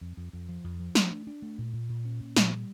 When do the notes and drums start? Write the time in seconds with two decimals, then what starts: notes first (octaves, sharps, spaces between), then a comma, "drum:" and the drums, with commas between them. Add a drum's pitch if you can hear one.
0.01 F2
0.17 F2
0.33 F2
0.49 F3
0.64 F2
0.80 F3
0.95 A3, drum: snare
1.11 D4
1.27 D4
1.42 A3
1.58 A#2
1.73 A#2
1.89 A#2
2.05 C#4
2.20 A#2
2.36 A#2, drum: snare
2.52 G3